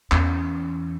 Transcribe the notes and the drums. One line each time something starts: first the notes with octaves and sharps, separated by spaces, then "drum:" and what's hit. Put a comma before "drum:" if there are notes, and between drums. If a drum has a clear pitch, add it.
E2 C#4, drum: clap